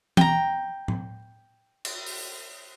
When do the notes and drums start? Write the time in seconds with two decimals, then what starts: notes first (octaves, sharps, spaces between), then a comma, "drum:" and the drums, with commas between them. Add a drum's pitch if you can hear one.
0.17 G5 A#5, drum: tom E3
0.88 drum: tom
1.85 drum: cymbal
2.06 drum: open hi-hat